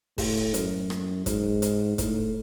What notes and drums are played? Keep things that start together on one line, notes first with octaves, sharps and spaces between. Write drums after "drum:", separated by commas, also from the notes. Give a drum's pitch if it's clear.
A2, drum: kick, open hi-hat
F#2, drum: hi-hat
drum: rim click
G#2, drum: kick, hi-hat
drum: hi-hat
A2, drum: kick, hi-hat